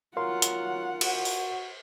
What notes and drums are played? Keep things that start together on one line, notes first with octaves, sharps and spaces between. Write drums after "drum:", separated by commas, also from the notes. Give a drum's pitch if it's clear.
F#3 F4 A#4 F5 F#5 C6
drum: hi-hat
F#4, drum: cymbal
drum: open hi-hat